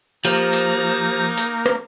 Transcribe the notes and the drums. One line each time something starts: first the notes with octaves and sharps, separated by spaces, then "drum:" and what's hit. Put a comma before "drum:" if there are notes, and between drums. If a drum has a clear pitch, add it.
F3 A#3 D#4 G4 C5, drum: hi-hat
drum: hi-hat
drum: hi-hat
drum: rim click